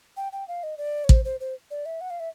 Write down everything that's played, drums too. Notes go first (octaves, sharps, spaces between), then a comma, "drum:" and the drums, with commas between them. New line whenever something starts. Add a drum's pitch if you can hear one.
G5
G5
F5
D#5
D5
C#5
C5, drum: kick
C5
C5
D5
E5
F#5
F5
E5